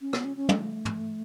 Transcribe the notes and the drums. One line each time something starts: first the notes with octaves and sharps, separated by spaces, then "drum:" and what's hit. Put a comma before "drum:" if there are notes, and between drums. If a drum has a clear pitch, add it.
C#4
B3, drum: rim click
C#4
C#4
A3, drum: tom
drum: tom